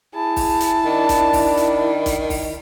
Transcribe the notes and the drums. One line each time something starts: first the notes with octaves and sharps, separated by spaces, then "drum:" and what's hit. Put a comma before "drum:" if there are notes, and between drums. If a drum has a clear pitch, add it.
E4 G#4 A5
drum: kick, open hi-hat
drum: hi-hat
D#3 D4
drum: kick, hi-hat
drum: kick, open hi-hat
drum: hi-hat
drum: kick, hi-hat
drum: kick, open hi-hat